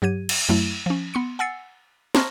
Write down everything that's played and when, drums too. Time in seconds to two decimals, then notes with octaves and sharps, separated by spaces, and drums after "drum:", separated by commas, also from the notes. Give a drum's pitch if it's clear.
0.02 G2 F#3 G4 G#6 D#7
0.29 drum: cymbal
0.49 F#2 F#3 A3 E4
0.86 F3 C#4
1.14 B3 C6 C#7
1.39 F#5 G#5 E6 A6 C7 C#7
2.15 A5 A#5 C6 C#6 F6 A#6, drum: snare